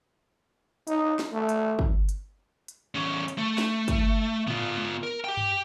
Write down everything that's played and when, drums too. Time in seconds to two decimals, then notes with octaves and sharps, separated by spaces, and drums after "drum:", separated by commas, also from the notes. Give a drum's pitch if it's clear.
0.87 D#4, drum: hi-hat
1.19 drum: snare
1.32 A3
1.49 drum: hi-hat
1.79 drum: kick
2.09 drum: hi-hat
2.68 drum: hi-hat
2.95 E2 C#4
3.28 drum: hi-hat
3.38 A3
3.58 drum: snare
3.88 drum: kick, hi-hat
4.48 B3 F4, drum: tom A2
4.77 drum: tom G#3
5.03 A#4
5.24 G4 G5
5.37 drum: tom F#2